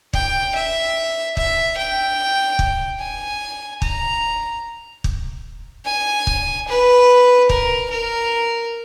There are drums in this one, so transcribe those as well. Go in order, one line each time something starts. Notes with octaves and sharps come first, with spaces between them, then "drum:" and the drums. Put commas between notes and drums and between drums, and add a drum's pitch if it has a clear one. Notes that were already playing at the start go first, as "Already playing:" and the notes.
G5, drum: kick
E5
E5, drum: kick
G5
drum: kick
G#5
A#5, drum: kick
drum: kick
G#5
drum: kick
B4
A#4, drum: kick
A#4